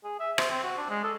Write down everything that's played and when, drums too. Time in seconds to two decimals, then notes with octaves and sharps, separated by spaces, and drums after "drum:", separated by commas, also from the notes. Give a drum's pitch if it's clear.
0.04 G#4
0.20 E5
0.38 C5, drum: rim click
0.51 C4
0.63 F#4
0.77 D4
0.89 G#3
1.04 A4